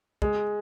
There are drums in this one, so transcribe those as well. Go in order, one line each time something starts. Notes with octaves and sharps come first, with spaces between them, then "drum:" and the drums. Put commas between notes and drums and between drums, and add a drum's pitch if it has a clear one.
G#3, drum: kick